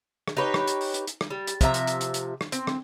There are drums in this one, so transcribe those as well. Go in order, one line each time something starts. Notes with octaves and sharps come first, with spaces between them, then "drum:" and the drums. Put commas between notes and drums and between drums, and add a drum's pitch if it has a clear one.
drum: rim click
D#4 G4 B4 C#5
drum: rim click
drum: hi-hat
drum: open hi-hat
drum: hi-hat
drum: hi-hat
drum: rim click
G3
drum: hi-hat
C3 F3 E5 A#5, drum: kick, hi-hat
drum: hi-hat
drum: hi-hat
drum: hi-hat
drum: hi-hat
drum: rim click
C4, drum: hi-hat
drum: rim click